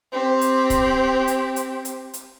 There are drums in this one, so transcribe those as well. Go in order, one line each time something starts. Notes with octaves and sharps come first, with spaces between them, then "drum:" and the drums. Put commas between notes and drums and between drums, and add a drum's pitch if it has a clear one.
C4 G4
drum: hi-hat
drum: kick C#1, hi-hat
drum: hi-hat
drum: hi-hat
drum: hi-hat
drum: hi-hat